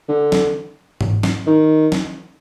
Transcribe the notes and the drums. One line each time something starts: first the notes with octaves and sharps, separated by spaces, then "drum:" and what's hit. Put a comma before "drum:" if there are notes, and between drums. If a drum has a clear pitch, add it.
D3
drum: snare
drum: tom G#2
drum: snare
D#3
drum: snare